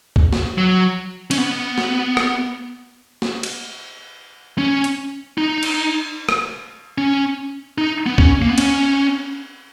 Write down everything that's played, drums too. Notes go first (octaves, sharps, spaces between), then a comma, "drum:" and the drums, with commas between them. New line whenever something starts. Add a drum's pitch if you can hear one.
drum: kick C#2
drum: snare
F#3
C#4, drum: cymbal
B3
drum: snare
drum: rim click
drum: snare
drum: cymbal
C#4
drum: hi-hat
D#4
drum: cymbal
drum: rim click
C#4
D#4
B3
C#4, drum: kick C#2
A#3
B3
C#4, drum: cymbal